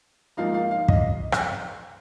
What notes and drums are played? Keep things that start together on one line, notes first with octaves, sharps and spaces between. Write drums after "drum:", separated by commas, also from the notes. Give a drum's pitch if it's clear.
G#2 F3 A#3 D#4 F5
F5
F5
D#5, drum: kick
drum: rim click